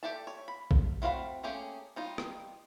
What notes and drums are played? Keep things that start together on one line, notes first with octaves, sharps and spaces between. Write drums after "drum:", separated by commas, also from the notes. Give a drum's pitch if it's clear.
G4 A4 D5 E5 A5
C#5
B5
drum: kick A#1
A3 C4 F#4 F5 B5
A3 A#3 C#4 G4 G#4
G3 D#4 F4
drum: rim click